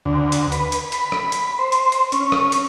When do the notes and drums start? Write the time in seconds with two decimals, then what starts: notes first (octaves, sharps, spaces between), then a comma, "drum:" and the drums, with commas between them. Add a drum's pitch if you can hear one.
0.05 D2
0.32 drum: hi-hat
0.52 B4, drum: hi-hat
0.72 drum: hi-hat
0.92 B5, drum: hi-hat
1.12 drum: rim click
1.32 drum: hi-hat
1.59 C5
1.72 drum: hi-hat
1.92 drum: hi-hat
2.12 C#4, drum: hi-hat
2.32 drum: rim click
2.52 drum: hi-hat